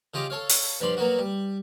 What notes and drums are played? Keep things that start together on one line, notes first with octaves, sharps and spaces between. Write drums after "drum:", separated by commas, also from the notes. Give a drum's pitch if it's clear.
C#3 F4 G4 D#5 D6
A4 C#5 F5
drum: open hi-hat
G2 F3 D5 B5 C6
F#3 A#3 B3 F#4
G3